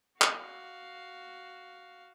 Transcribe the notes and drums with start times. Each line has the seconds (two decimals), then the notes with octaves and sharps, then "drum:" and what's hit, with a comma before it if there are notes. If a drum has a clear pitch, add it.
0.21 F#4 F5, drum: clap